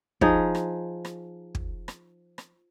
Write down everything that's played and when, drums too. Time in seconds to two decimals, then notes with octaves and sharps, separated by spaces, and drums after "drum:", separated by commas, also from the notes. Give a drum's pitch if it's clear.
0.21 F3 D#4 G#4, drum: kick
0.55 drum: rim click
1.05 drum: rim click
1.55 drum: kick
1.88 drum: rim click
2.38 drum: rim click